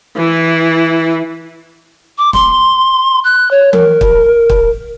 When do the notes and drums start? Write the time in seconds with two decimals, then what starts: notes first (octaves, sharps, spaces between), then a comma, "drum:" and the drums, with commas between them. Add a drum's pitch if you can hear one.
0.16 E3 E4
2.18 D6
2.33 C6, drum: snare
3.24 F#6
3.51 C#5
3.73 A#4, drum: tom E3
4.01 drum: kick
4.50 drum: kick